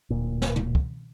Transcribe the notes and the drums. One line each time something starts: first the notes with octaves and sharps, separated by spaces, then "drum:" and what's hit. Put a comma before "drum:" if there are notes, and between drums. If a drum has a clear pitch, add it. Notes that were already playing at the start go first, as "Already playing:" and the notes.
D1 A#2
drum: snare
drum: tom
drum: kick